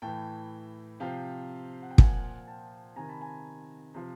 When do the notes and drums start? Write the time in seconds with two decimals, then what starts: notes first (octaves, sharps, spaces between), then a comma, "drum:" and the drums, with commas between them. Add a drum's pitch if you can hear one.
0.02 A2 E3 G5 A5
1.00 C3 F3 F5 G5
1.82 F#5
1.90 G5
1.98 A#2 F3 F#5 G#5, drum: kick
2.47 G5 A5
2.96 C3 D#3 G#5 A#5
3.08 A5 B5
3.21 G#5 A#5
3.94 C3 F3